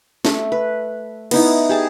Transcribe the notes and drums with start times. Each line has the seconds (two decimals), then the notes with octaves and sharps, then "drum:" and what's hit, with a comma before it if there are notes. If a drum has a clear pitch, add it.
0.25 A3, drum: snare
0.52 B4
1.31 B3 D#4 E4, drum: cymbal
1.69 G4 G#4 A5